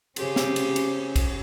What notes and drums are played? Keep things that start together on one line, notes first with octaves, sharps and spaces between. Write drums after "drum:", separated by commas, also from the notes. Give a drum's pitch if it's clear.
C#3 C#4 G4 G#4 C5, drum: cymbal
drum: snare
drum: cymbal
drum: cymbal
drum: kick, cymbal